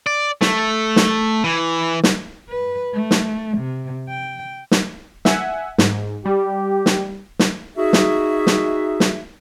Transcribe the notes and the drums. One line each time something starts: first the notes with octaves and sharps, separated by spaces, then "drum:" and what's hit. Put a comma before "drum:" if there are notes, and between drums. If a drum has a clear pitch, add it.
D5
A3, drum: snare
drum: snare
E3
drum: snare
B4
A3
drum: snare
C3
G5
drum: snare
E5 F#5 G#5, drum: snare
G#2, drum: snare
G3 G4
drum: snare
drum: snare
D#4 F#4 G#4 E5
drum: snare
drum: snare
drum: snare